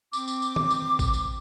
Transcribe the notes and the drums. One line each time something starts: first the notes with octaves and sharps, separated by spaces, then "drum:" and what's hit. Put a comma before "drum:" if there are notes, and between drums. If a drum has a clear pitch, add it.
C4 D6, drum: tambourine
drum: tambourine
drum: tambourine
drum: tom
drum: tambourine
drum: kick A1, tambourine
drum: tambourine